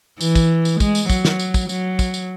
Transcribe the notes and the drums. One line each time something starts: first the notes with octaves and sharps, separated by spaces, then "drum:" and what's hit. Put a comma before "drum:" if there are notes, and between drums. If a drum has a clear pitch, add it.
E3, drum: tambourine
drum: kick, tambourine
drum: tambourine
G#3, drum: kick, tambourine
drum: tambourine
F#3, drum: kick, tambourine
drum: snare
drum: tambourine
drum: kick, tambourine
F#3, drum: tambourine
drum: kick, tambourine
drum: tambourine